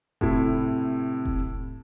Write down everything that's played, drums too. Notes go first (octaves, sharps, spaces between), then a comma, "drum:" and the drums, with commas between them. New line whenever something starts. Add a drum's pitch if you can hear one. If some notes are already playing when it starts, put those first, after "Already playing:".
A2 C3 E4, drum: kick E1
drum: kick E1